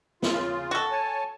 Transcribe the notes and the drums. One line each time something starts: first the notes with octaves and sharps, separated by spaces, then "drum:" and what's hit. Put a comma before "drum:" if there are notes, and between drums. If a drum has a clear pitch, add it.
C#3 F4, drum: snare
F#4 A4
C#5 G#5 A5